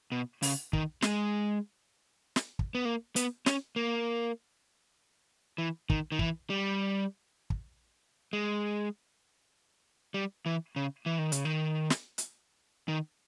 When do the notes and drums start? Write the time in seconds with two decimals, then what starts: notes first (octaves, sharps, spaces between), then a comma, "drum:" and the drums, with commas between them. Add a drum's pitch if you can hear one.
0.12 B2
0.42 C#3, drum: open hi-hat
0.73 D#3, drum: kick
1.02 G#3, drum: snare
2.36 drum: snare
2.59 drum: kick
2.75 B3
2.85 A#3
3.16 B3, drum: hi-hat
3.46 C#4, drum: snare
3.76 A#3
5.58 E3
5.90 D#3, drum: kick
6.12 D#3
6.19 E3, drum: kick
6.50 G3
7.50 drum: kick
8.33 G#3
10.14 G3
10.46 E3
10.76 C#3
11.06 E3
11.18 D#3
11.32 C#3, drum: hi-hat
11.45 D#3
11.90 drum: snare
12.18 drum: hi-hat
12.88 D#3